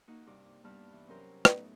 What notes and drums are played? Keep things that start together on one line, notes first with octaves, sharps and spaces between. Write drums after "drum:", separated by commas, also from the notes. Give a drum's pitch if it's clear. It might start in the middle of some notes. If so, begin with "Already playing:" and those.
A#3 D#4 F#4
G2 C3 D6
G2 B3 A5 B5 F6
E3
C3 F#3 C#4 G4 A#4 C5
A2 B3 D#4, drum: rim click